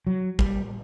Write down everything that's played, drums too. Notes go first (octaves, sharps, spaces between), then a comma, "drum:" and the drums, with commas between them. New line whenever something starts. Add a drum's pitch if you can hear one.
F#3
G3, drum: kick